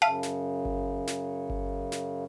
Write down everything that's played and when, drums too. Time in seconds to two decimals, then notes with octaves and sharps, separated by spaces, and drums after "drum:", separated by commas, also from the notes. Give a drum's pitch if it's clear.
0.02 F#2 C#3 E5 F5 A5
0.23 drum: snare
0.65 drum: kick G1
1.07 drum: snare
1.50 drum: kick G1
1.92 drum: snare